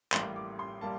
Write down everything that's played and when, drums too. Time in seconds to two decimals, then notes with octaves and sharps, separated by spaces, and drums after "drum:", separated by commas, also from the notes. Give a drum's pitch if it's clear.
0.12 A1 A2 G3 A#3 C6, drum: clap
0.36 D6
0.59 C6
0.81 G3 A#3 A5